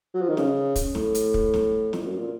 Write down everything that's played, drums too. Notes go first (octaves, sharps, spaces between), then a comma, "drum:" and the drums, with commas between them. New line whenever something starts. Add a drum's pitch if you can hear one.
F#3
F3
D#3
C#3, drum: snare
drum: kick, hi-hat
A2, drum: snare
drum: hi-hat
drum: kick
drum: snare
F2, drum: snare
A2
F#2
A#2